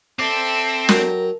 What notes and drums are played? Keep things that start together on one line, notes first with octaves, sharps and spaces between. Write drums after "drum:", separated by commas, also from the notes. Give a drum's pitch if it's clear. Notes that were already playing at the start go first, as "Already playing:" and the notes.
C4 A4 D5 E5
F#3 A#4 G5 A#5, drum: snare